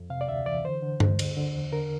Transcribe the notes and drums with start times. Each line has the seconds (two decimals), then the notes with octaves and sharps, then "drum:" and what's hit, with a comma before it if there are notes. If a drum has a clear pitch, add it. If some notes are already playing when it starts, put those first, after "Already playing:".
Already playing: F2
0.10 C3 F5
0.21 D5
0.28 D2 E5
0.46 E3 D5
0.65 D3 C5
0.83 D3
1.00 D2, drum: tom G2
1.19 D3, drum: cymbal
1.37 D3
1.55 E2
1.72 D3 A#4